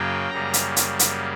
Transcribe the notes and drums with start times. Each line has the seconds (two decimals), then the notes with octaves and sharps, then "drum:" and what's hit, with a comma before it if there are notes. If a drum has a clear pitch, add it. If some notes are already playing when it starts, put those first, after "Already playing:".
Already playing: F#2 C#3 F#3 A#3 G5
0.31 F#2 C#3 G3 A#3 A#5
0.54 drum: hi-hat
0.76 drum: hi-hat
0.99 drum: hi-hat